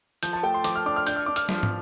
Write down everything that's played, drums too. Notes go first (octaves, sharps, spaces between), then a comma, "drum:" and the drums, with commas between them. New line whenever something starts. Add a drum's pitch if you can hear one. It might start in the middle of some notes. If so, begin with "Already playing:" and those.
F3 G6, drum: hi-hat
A5
A3 G5
C6
F3 D6, drum: hi-hat
F6
D4 D6
F6
D4 G6, drum: hi-hat
F6
D4 D6
F6, drum: hi-hat
F3, drum: snare
drum: tom